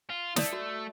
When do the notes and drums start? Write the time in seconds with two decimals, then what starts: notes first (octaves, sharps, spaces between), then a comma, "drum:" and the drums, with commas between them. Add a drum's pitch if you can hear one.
0.10 F4
0.36 A3 D5 D#6, drum: snare
0.53 F#4